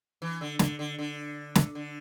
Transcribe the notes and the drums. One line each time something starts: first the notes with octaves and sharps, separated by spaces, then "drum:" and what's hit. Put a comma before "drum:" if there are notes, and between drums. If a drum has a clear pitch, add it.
E3
D3
D3, drum: snare
D3
D3
drum: snare
D3